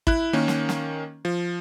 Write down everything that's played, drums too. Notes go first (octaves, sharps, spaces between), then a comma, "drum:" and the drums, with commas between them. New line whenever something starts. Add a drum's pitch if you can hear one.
E4 F#6, drum: kick
D#3 A#3 C#4
drum: snare
drum: snare
F3